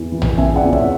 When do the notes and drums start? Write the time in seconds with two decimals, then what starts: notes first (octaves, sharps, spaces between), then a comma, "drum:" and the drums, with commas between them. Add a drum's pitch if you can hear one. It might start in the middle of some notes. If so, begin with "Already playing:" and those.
Already playing: E2 E3
0.12 E3
0.22 drum: tom A#1
0.38 C#3 E5 G#5
0.56 D5 F#5
0.64 E2
0.73 C#5 E5, drum: kick